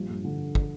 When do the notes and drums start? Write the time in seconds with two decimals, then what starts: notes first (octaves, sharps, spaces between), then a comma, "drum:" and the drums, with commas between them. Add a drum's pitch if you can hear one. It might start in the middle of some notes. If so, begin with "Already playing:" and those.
Already playing: A#1 G3
0.09 G2
0.24 D3
0.55 drum: kick